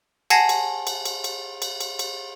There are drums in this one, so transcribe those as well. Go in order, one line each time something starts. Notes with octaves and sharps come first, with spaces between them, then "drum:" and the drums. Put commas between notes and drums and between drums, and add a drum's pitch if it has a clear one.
F#5 G#5 A5 G#6 A#6 C7, drum: cymbal
drum: cymbal
drum: cymbal
drum: cymbal
drum: cymbal
drum: cymbal
drum: cymbal
drum: cymbal